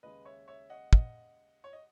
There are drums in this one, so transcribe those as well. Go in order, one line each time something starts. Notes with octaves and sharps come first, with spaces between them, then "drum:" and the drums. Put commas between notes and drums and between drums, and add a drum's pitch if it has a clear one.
D#2 C#3 G#3 B4 D#5
C#5 E5
C#5 E5
D#5 F#5
D#5 F#5, drum: kick
C#5
D#5